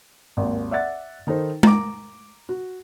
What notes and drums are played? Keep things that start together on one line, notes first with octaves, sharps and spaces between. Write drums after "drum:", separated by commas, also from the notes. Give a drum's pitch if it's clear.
G#1 D#2
D5 E5 F#5 A6
D#3 D#4 A4 C5
A#5 D6, drum: tom G#3
F#4